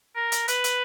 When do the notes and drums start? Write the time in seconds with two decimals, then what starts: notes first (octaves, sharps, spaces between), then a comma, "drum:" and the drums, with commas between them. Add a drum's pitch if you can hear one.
0.16 A#4
0.32 drum: hi-hat
0.48 B4, drum: hi-hat
0.64 drum: hi-hat